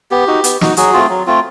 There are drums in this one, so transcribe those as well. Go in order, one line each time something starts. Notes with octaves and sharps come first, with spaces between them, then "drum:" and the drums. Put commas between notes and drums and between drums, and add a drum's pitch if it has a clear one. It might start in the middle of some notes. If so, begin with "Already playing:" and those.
B3 G4
D#4 F#4
B3, drum: hi-hat
D#4 F#4, drum: snare
F#3 F#4 G#4, drum: hi-hat
A3 C4 F4
F#3
A3 C4 F4